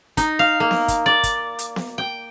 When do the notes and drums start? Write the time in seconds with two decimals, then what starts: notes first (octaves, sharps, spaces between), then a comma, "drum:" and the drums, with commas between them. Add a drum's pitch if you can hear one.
0.17 D#4, drum: kick, hi-hat
0.39 F5
0.60 A#3
0.71 drum: snare B3
0.88 drum: kick, hi-hat
1.06 D5
1.23 drum: kick, hi-hat
1.59 drum: hi-hat
1.76 drum: snare B3
1.98 G5